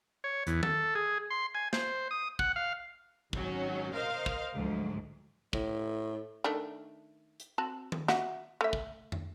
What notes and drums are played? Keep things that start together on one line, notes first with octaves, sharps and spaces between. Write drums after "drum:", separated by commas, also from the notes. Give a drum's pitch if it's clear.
C#5
E2, drum: hi-hat
A4, drum: tom D#3
G#4
C6
G#5
C5, drum: snare
D#6
F#5, drum: kick
F5
G#1 D#3 F#3 C#4, drum: kick
A#4 C5 D#5 F5
drum: kick
D2 G#2 F3 F#3
A2, drum: kick
D#3 A3 D4
drum: hi-hat
C4 F#4 A5
drum: tom D#3
F#4 E5 F#5, drum: snare
A3 E5
drum: kick
drum: tom